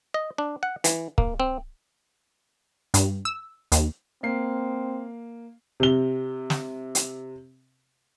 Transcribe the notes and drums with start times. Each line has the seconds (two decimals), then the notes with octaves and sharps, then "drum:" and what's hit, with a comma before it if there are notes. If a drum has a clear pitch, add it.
0.14 D#5
0.38 D4
0.63 F#5
0.84 E3, drum: hi-hat
1.18 A#3, drum: kick C#1
1.40 C4
2.94 G2, drum: hi-hat
3.25 E6
3.72 D#2, drum: hi-hat
4.23 A#3 C4 C7
5.80 C3 G7
6.50 drum: snare
6.95 drum: hi-hat